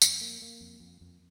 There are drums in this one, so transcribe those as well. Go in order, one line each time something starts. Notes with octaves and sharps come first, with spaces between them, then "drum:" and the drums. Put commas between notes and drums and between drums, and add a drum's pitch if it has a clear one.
F2, drum: tambourine
A#3
A#3
F2
F2
F2